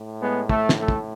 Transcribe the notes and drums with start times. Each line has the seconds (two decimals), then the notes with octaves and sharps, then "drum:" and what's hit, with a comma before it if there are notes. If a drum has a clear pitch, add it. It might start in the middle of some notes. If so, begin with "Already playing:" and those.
Already playing: A2
0.21 G#3 B3
0.49 A3, drum: kick
0.69 drum: snare
0.79 A3
0.88 drum: kick